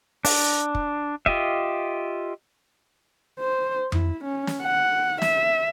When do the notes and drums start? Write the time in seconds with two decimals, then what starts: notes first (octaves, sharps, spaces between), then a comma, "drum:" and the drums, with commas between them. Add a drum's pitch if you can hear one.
0.25 D4, drum: open hi-hat
0.75 drum: kick
1.26 F4 G4 D#5 E5, drum: kick
3.40 C5
3.92 E4, drum: tom F2
4.24 C#4
4.47 drum: snare
4.62 F#5
5.22 E5, drum: snare